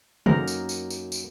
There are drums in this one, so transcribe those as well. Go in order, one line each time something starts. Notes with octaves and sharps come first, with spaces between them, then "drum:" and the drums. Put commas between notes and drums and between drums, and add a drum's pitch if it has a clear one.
F#2 A#3 D#4 A#4, drum: tom
drum: tambourine
drum: tambourine
drum: tambourine
drum: tambourine